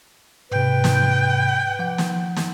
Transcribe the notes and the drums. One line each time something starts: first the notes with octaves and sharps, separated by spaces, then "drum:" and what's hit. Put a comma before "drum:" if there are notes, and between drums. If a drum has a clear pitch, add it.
G#2 C3 B4 G5
drum: snare
F3 F#5
drum: snare
drum: snare